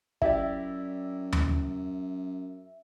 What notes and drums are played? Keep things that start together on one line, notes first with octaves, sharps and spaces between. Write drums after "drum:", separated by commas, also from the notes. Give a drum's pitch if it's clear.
F#2 E4 G4 D5 E5, drum: kick
drum: tom D#2